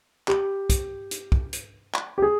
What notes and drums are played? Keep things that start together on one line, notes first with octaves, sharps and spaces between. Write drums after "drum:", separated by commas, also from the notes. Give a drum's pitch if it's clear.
G4, drum: clap
drum: kick, hi-hat
drum: hi-hat
drum: kick
drum: hi-hat
drum: clap
G4
G#4